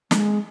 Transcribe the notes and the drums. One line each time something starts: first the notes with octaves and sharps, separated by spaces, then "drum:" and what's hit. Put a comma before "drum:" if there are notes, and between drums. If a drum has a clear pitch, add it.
G#3, drum: snare